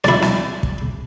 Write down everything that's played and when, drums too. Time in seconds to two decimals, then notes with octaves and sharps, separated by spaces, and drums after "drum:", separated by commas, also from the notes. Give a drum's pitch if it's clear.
0.04 E4 D5, drum: snare
0.22 drum: snare
0.63 drum: kick